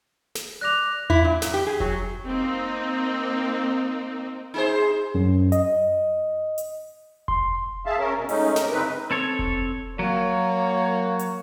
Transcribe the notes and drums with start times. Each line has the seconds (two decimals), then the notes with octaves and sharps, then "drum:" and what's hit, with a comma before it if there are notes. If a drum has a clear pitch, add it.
0.35 drum: snare
0.61 D5 D6 F#6 A#6 F7
1.10 E4, drum: tom E2
1.25 A#2
1.42 F#2, drum: snare
1.54 G4
1.66 G#4
1.80 F#3, drum: kick F1
2.27 A#3 C4 D#4
4.54 D#4 G#4 C5
5.15 F#2
5.52 D#5, drum: hi-hat
6.58 drum: hi-hat
7.28 C6, drum: kick F1
7.86 G#4 E5 F5 A5
7.99 C#4 A#4
8.17 B2
8.29 G#3 A3 C#4 D#4, drum: open hi-hat
8.56 C3 A#4, drum: snare
8.72 G2 C#3 C4 D#4 B4
9.11 C4 A4 C#5
9.39 drum: kick F1
9.99 F#3 A#3 F#4 C#5
11.19 drum: hi-hat